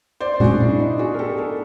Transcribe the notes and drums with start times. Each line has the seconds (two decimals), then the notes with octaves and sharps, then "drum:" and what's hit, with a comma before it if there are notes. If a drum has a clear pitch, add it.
0.20 C5 D5
0.40 F#4 G#4, drum: tom A#2
0.60 D4 E4
0.80 D#4
0.99 F#4 G#4
1.14 A#4
1.19 G4 A4
1.38 G#4 A#4